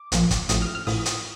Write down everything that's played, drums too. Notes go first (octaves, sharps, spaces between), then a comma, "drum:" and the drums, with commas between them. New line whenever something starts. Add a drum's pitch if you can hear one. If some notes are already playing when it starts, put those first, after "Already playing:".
Already playing: D6
A#1 A#2 F3, drum: hi-hat
drum: kick, hi-hat
A1 A2 F3 D#6, drum: hi-hat
F6
F6
A1 A2 F3 D#6, drum: open hi-hat
drum: hi-hat